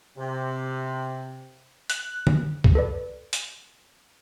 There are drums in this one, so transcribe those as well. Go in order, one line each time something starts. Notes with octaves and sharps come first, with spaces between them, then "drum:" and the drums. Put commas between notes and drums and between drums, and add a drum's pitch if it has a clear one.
C3
F#6, drum: hi-hat
drum: tom D3
drum: kick
A4 B4 D5
drum: hi-hat